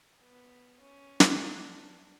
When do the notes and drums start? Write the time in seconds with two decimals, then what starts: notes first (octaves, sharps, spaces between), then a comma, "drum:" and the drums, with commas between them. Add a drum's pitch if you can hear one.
0.22 B3
0.81 C#4
1.20 drum: snare
1.42 D4